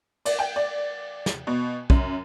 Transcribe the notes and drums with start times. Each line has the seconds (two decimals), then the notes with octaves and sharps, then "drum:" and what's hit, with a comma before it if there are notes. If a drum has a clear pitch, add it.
0.25 D5, drum: cymbal
0.39 G5
0.56 D5
1.26 drum: snare
1.47 B2
1.90 F#2, drum: kick